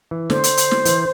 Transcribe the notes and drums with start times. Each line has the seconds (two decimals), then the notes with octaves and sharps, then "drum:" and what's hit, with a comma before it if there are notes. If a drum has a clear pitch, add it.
0.11 E3
0.30 D3 C5, drum: snare
0.44 drum: hi-hat
0.57 drum: hi-hat
0.71 drum: snare
0.85 E3, drum: hi-hat